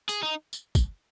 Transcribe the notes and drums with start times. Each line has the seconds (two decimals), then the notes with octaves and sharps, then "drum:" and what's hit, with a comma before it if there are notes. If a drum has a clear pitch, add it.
0.09 G#4, drum: tambourine
0.23 D#4
0.53 drum: tambourine
0.75 drum: kick, tambourine